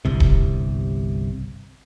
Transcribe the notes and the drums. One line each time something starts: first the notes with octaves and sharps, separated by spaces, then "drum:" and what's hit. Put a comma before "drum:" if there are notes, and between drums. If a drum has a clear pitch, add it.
G1 C2 C3
drum: kick D#1